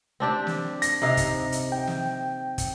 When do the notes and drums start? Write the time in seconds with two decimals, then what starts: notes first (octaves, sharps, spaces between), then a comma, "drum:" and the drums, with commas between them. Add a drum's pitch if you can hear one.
0.20 C4 D4 G4
0.47 drum: snare
0.82 A#6, drum: hi-hat
1.02 C3 D#4 F5
1.17 drum: kick, hi-hat
1.52 drum: hi-hat
1.72 G5
1.87 drum: snare
2.58 drum: kick, hi-hat